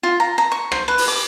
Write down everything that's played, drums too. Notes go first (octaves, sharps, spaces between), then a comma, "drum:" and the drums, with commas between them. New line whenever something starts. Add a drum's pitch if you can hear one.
F4
A#5
A#5
C#6
C5, drum: rim click
B4
drum: open hi-hat
D6